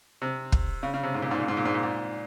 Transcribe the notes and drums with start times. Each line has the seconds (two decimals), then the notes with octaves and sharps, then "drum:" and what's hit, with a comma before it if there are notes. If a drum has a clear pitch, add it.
0.22 C3
0.52 drum: kick
0.83 C#3
0.94 C#3
1.03 C3
1.14 G#2
1.22 A#2
1.31 G#2
1.40 A#2
1.48 G#2
1.57 A#2
1.65 G#2
1.74 A#2
1.83 G#2